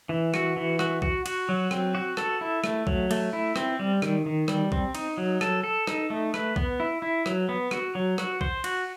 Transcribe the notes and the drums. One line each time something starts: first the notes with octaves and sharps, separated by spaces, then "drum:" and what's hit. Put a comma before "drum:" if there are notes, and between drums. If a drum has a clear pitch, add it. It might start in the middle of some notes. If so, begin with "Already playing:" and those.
E3
F#4, drum: rim click
E3
F#4, drum: rim click
F#4, drum: kick B1
F#4, drum: cymbal
F#3
C4, drum: rim click
F#4
A4, drum: rim click
E4
A3, drum: rim click
F#3, drum: kick B1
A3, drum: cymbal
E4
C4, drum: rim click
G3
D#3, drum: rim click
D#3
G3, drum: rim click
C4, drum: kick B1
D#4, drum: cymbal
F#3
A4, drum: rim click
A4
D#4, drum: rim click
A3
B4, drum: rim click
B3, drum: kick B1
E4
E4
F#3, drum: rim click
B3
F#4, drum: rim click
F#3
F#4, drum: rim click
C5, drum: kick B1
F#4, drum: cymbal